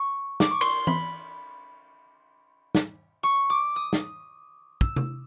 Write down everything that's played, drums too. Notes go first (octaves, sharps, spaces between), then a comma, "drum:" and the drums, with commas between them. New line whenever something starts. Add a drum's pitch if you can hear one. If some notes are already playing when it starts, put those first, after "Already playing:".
Already playing: C#6
D6, drum: snare
C#6
C6, drum: cymbal
B5, drum: tom E3
drum: snare
C#6
D6
D#6
drum: snare
E6, drum: kick
drum: tom C3